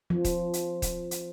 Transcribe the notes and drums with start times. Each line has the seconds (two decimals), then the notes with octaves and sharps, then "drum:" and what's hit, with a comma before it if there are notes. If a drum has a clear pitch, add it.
0.10 F3
0.25 drum: kick D#1, hi-hat
0.53 drum: hi-hat
0.82 drum: kick D#1, hi-hat
1.11 drum: hi-hat